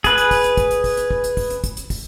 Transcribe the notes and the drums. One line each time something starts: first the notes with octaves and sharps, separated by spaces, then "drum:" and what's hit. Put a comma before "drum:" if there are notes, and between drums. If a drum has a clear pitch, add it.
G#4 B4, drum: kick, hi-hat
drum: hi-hat
drum: kick, open hi-hat
drum: hi-hat
drum: kick, hi-hat
drum: hi-hat
drum: kick, open hi-hat
drum: hi-hat
drum: kick
drum: hi-hat
drum: kick, open hi-hat
drum: hi-hat
drum: kick, hi-hat
drum: hi-hat
drum: kick, open hi-hat